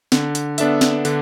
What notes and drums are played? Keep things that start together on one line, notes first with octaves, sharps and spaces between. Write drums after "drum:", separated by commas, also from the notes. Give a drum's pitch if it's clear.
D3, drum: snare
drum: hi-hat
B3 D4 A4 E5, drum: hi-hat
drum: snare
D3, drum: hi-hat